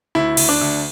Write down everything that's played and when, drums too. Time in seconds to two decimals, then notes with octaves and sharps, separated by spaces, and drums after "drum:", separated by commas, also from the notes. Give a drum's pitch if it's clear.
0.15 D2 E4
0.37 D2, drum: cymbal
0.49 D4
0.61 D2